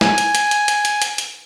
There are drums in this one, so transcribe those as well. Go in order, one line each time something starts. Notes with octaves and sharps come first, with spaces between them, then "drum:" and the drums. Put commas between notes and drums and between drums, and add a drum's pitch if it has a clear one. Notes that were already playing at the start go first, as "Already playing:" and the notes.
G#5, drum: snare
drum: hi-hat
drum: hi-hat
drum: hi-hat
drum: hi-hat
drum: hi-hat
drum: hi-hat
drum: hi-hat